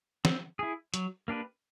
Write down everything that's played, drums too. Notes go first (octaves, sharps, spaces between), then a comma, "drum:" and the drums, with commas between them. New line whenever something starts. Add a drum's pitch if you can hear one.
C4, drum: snare
E4 G#4
F#3, drum: hi-hat
A#3 D4 G4 B4